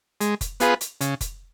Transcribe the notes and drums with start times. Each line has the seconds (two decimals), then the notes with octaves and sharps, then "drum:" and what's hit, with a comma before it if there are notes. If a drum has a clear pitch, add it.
0.21 G#3, drum: hi-hat
0.41 drum: kick F1, hi-hat
0.60 B3 F4 G#4 B4, drum: hi-hat
0.81 drum: hi-hat
1.01 C#3, drum: hi-hat
1.21 drum: kick F1, hi-hat